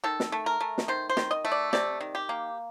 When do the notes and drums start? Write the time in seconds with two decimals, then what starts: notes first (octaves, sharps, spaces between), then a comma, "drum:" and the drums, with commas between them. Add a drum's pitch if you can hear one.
0.04 D#3 A4
0.20 drum: snare
0.32 A3
0.46 A#4
0.60 A3
0.78 drum: snare
0.88 D#3 C5
1.09 C5
1.17 D#3, drum: snare
1.31 D#5
1.45 A3
1.52 D5
1.73 C3 D5, drum: snare
2.00 D#3
2.15 G4
2.29 A#3